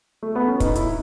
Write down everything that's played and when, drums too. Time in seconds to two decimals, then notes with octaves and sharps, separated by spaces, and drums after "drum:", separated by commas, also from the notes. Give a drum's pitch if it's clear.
0.23 A3
0.35 B3
0.48 C#4
0.60 D#4, drum: kick, hi-hat
0.76 E4, drum: hi-hat